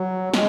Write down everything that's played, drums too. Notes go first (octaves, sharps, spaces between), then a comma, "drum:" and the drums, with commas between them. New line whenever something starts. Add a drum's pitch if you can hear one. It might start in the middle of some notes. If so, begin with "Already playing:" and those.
Already playing: F#3
G#3, drum: snare